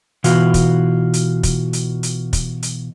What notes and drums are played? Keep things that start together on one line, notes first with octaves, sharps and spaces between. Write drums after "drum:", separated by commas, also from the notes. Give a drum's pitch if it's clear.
B2 E3 F4 F#4, drum: hi-hat
drum: kick, hi-hat
drum: hi-hat
drum: kick, hi-hat
drum: hi-hat
drum: hi-hat
drum: kick, hi-hat
drum: hi-hat